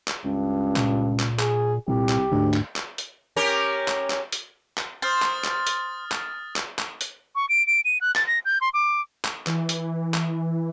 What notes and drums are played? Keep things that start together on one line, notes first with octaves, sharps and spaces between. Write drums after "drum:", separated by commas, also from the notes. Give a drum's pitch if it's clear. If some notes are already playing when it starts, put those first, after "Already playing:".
drum: clap
C#2 G2
A#2, drum: clap
drum: clap
G#4, drum: clap
C2 A#2 G4
drum: clap
D2 G#2
drum: clap
drum: clap
drum: hi-hat
C#4 G4 A#4
drum: clap
drum: clap
drum: hi-hat
drum: clap
C5 D#6 F6 A6
drum: clap
drum: clap
drum: hi-hat
drum: clap
drum: clap
drum: clap
drum: hi-hat
C#6
D7
D7
D#7
F#6
A6, drum: clap
A#6
G6
C6
D6
drum: clap
E3, drum: clap
drum: hi-hat
drum: clap